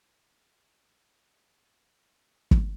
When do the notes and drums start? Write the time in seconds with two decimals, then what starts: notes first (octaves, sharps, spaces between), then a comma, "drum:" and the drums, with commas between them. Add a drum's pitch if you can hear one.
0.22 D#6 A#6
2.51 drum: kick